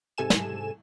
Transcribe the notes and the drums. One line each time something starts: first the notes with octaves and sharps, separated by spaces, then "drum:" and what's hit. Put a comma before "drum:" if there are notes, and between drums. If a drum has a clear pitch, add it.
G#2 C3 A4 G#5 E7
drum: snare